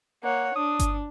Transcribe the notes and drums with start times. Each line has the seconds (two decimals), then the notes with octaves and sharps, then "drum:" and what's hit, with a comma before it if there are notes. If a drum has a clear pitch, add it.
0.24 A#3 C#5 F#5
0.56 D4 D#6
0.79 drum: kick G1, hi-hat